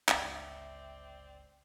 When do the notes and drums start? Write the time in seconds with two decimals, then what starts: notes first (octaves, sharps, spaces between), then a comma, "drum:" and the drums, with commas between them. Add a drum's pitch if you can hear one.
0.08 G1 C#2 C4 D5 E5, drum: clap